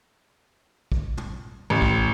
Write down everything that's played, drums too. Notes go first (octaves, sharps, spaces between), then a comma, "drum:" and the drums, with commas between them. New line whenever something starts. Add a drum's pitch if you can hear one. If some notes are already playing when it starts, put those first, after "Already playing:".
drum: kick
drum: tom
A1
drum: kick